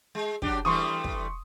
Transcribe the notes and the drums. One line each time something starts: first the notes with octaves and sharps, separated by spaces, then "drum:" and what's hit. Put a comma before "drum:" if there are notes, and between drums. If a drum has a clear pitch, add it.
G#3
F#3 D4 G4, drum: kick
E3 G3 A3 C6 C#6 D#6
drum: kick